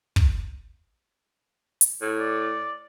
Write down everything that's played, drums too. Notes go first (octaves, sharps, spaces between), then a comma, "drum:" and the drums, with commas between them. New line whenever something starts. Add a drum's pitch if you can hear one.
drum: kick
drum: hi-hat
A2
D5